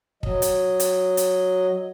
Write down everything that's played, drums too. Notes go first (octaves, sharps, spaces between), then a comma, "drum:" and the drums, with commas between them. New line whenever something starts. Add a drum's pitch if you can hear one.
F#3 D#5, drum: kick
drum: hi-hat
drum: hi-hat
drum: hi-hat